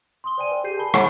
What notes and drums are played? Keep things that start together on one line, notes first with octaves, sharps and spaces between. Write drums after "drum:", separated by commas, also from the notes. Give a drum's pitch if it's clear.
C6 D#6 G7
C5 D5 G5 G#5 D#7
B4
G4 G#4 G6 C7 D#7
A#4 G#5 A5 B5 G7
F#5 G#5 B5, drum: rim click